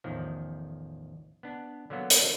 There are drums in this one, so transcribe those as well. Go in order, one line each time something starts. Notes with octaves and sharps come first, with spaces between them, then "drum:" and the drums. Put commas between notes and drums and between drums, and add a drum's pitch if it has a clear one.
A1 E2 D#3 F3
B3 D4
D3 F#3 A#3 B3
drum: hi-hat